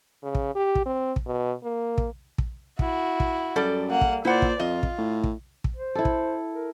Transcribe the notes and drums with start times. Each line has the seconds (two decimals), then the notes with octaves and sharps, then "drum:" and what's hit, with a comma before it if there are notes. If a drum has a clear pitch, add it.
0.23 C#3
0.35 drum: kick
0.55 G4
0.75 drum: kick
0.86 C4
1.16 drum: kick
1.26 B2
1.64 A#3
1.98 drum: kick
2.38 drum: kick
2.79 E4 F#4, drum: kick
3.20 drum: kick
3.56 F#2 G3 A4 D5
3.90 A#3 F#5
4.01 drum: kick
4.25 A#2 E4 C5 D5 F#5
4.42 drum: kick
4.60 F2 F4 D#5
4.83 drum: kick
4.98 A2
5.24 drum: kick
5.64 drum: kick
5.76 C5
5.95 E4 A4
6.05 drum: kick
6.54 A#4